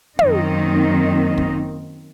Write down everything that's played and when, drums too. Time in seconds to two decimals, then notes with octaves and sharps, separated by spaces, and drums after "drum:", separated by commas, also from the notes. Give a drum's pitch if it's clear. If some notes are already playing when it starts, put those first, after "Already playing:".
0.19 F#2 D#3 A#3 C4 D#4, drum: tom
1.38 drum: kick